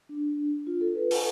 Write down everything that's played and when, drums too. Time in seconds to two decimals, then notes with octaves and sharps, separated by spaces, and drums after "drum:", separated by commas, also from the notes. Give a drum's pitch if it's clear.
0.09 D4
0.67 F4
0.81 A4
0.95 B4
1.11 A4, drum: open hi-hat